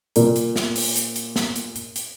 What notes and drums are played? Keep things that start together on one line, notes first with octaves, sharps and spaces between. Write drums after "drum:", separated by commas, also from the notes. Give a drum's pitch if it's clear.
A#2 A#4, drum: hi-hat
drum: hi-hat
drum: snare
drum: open hi-hat
drum: hi-hat
drum: hi-hat
drum: snare
drum: hi-hat
drum: hi-hat
drum: hi-hat